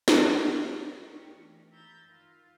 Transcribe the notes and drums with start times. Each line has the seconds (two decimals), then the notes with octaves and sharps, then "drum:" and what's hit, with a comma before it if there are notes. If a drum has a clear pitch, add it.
0.08 drum: snare
0.18 G#5 A#5
0.59 A4 D5 A#5
1.02 G4 A#4 C#6
1.34 E3 A3
1.71 A#5 B5 E6 G6 A6
2.07 D#3 F4